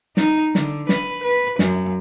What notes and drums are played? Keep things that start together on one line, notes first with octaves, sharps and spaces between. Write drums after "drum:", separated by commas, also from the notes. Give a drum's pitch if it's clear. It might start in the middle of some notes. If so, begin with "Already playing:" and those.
D#4, drum: snare
D3, drum: snare
B4, drum: snare
B4
F#2, drum: snare